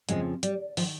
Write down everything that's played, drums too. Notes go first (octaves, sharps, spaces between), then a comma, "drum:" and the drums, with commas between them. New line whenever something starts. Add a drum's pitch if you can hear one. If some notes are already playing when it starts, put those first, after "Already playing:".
F2 C#3 F3 G#3, drum: hi-hat
G3, drum: hi-hat
D#3 F3, drum: open hi-hat